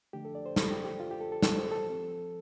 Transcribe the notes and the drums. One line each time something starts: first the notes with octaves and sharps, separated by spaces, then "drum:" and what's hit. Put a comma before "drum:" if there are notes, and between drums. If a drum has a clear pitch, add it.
D3 F3 A3 D4 G4
A4
D5
C5
A4, drum: snare
G4
G4
F4
G4
A4
A4
A4, drum: snare
C5
A4
F3 C4